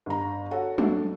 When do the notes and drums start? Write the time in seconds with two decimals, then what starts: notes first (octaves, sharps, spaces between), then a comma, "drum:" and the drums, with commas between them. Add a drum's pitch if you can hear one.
0.06 G1 A#5
0.51 F#4 A4 C#5 F#5
0.78 F#3 D4 A4, drum: tom